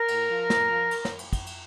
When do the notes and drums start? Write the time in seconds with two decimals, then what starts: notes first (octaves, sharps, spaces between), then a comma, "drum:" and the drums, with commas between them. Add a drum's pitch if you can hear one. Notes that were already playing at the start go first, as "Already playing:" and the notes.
Already playing: A#4
0.08 A2, drum: cymbal
0.29 F3
0.50 A2, drum: snare
0.70 F3
0.91 drum: cymbal
1.05 drum: snare
1.19 drum: cymbal
1.33 drum: kick, cymbal
1.47 drum: cymbal